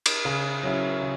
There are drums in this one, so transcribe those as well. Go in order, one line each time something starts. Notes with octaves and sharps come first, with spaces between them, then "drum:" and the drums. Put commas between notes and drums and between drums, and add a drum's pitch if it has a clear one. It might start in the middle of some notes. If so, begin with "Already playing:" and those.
drum: cymbal
C#3
F#3 C#4 E4
C#3